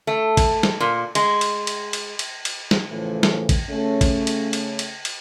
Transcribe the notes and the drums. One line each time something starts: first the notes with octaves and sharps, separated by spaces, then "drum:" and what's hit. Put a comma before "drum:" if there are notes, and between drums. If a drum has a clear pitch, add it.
A3
drum: kick A1, cymbal
drum: snare
A#2
G#3, drum: cymbal
drum: cymbal
drum: cymbal
drum: cymbal
drum: cymbal
drum: cymbal
drum: snare
A2 C#3 E3 F3 A3
drum: snare
drum: kick A1, cymbal
C#3 A3 C#4
drum: kick A1, cymbal
drum: cymbal
drum: cymbal
drum: cymbal
drum: cymbal